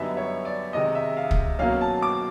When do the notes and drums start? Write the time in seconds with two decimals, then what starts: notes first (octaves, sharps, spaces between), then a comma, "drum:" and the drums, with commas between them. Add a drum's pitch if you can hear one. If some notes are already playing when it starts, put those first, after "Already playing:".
Already playing: F#2 D3 G3 B3 D#4 E5
0.17 C#5
0.45 D5
0.73 C3 D#3 G#3 D#5
0.95 E5
1.17 F5
1.31 drum: kick
1.59 B2 F#3 A#3 C#4 F5
1.81 A5
2.02 D6